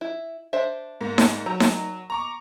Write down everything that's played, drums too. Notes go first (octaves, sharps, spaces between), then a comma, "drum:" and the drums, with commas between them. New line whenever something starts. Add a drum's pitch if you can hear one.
E4
D4 C5 E5
G#2 A#3
drum: snare D#4
F#3 A#5
drum: snare D#4
A#5 C#6 D6